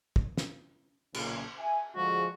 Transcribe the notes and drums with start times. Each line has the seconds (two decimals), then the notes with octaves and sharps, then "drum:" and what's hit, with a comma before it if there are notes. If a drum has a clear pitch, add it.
0.16 drum: kick
0.38 drum: snare
1.14 B1 A#2 C#3, drum: cymbal
1.59 E5 G#5
1.96 D3 F3 G#3 F#4